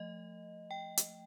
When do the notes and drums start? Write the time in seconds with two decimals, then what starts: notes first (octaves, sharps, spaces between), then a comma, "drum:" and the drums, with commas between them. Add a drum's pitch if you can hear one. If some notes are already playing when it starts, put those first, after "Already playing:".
Already playing: F3 A3 D#5
0.71 G5
0.97 drum: hi-hat